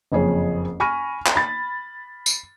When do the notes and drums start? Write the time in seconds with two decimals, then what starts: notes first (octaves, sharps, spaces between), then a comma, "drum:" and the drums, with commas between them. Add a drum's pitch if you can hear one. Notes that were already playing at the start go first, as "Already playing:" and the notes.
0.12 F#1 F2 G#4 C#5
0.80 G#5 B5 C#6 F6 A#6 D#7
1.26 drum: clap
1.36 B5 A6
2.26 drum: tambourine